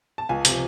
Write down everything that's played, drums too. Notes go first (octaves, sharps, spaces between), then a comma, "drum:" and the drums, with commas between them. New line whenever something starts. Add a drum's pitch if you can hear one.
A5
C#2 G#5
C3 F3, drum: hi-hat